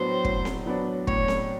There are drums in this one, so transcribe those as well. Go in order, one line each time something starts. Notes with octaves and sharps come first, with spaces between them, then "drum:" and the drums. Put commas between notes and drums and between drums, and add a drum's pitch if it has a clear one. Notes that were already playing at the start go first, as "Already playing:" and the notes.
Already playing: A2 F#3 B3 D4 C5
A2, drum: kick
drum: snare C4
F#3 B3 D4
A2 C#5, drum: kick
drum: snare C4